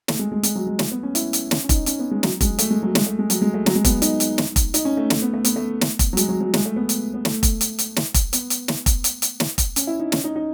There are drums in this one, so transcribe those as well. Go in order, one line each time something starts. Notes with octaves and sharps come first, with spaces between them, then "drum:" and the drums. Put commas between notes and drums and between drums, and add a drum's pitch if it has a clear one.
A3, drum: snare
G#3
G#3
G#3, drum: hi-hat
F#3
G#3
A3, drum: snare
B3
C#4
E4, drum: hi-hat
drum: hi-hat
C#4, drum: snare
C#4
D#4, drum: kick F1, hi-hat
C#4, drum: hi-hat
B3
G#3
F#3, drum: snare
G#3, drum: kick F1, hi-hat
A3, drum: hi-hat
G#3
F#3
G#3, drum: snare
A3
G#3
F#3, drum: hi-hat
G#3
A3
F#3, drum: snare
G#3
B3, drum: kick F1, hi-hat
D#4, drum: hi-hat
drum: hi-hat
drum: snare
drum: kick F1, hi-hat
D#4, drum: hi-hat
C#4
A3
A3, drum: snare
B3
A3
B3, drum: hi-hat
A3
drum: snare
drum: kick F1, hi-hat
F#3
G#3, drum: hi-hat
F#3
F#3
G#3, drum: snare
A3
B3
drum: hi-hat
B3
A3, drum: snare
drum: kick F1, hi-hat
drum: hi-hat
drum: hi-hat
drum: snare
drum: kick F1, hi-hat
B3, drum: hi-hat
drum: hi-hat
drum: snare
drum: kick F1, hi-hat
drum: hi-hat
drum: hi-hat
drum: snare
drum: kick F1, hi-hat
C#4, drum: hi-hat
E4
D#4
C#4, drum: snare
D#4
D#4